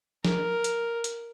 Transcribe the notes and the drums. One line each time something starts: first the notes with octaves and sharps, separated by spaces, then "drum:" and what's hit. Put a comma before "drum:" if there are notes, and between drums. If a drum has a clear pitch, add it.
A#4, drum: snare
drum: hi-hat
drum: hi-hat